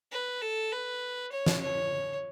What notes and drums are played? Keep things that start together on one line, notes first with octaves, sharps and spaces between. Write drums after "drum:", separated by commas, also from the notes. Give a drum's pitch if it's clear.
B4
A4
B4
C#5
drum: snare
C#5